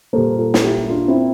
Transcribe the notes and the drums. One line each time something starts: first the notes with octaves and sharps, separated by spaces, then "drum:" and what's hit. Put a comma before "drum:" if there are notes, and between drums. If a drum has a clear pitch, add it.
A#2 G3 A#3 A4 C5
F4 A4
F4, drum: snare
E4 G4
D4 F4
C4 E4